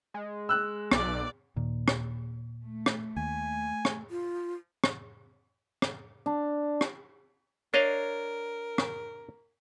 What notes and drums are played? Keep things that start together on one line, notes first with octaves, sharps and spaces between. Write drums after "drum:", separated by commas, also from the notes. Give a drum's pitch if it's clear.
G#3
E6 F#6
B1 D5, drum: rim click
D#2 A#2
drum: rim click
A3
drum: rim click
D#2 G#5
drum: rim click
F4
drum: rim click
drum: rim click
D4
drum: rim click
D4 A#4 C#5 D#5 F5
drum: rim click